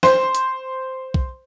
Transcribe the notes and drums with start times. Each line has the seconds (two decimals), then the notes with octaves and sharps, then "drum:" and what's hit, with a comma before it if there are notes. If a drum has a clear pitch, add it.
0.03 C5, drum: snare
0.35 drum: hi-hat
1.14 drum: kick